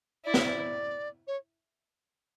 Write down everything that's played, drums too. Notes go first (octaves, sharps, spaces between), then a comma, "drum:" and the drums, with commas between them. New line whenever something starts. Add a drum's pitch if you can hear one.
E4 D5
C#5, drum: snare
D5
C#5